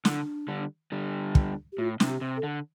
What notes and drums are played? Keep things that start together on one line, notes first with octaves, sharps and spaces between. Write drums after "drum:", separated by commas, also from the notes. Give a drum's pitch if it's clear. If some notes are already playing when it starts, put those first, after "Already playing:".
D3 D4, drum: snare
D3 G3
D3 G3
drum: kick
G4
A2 F4
C3, drum: snare
G4
C3
A4
D3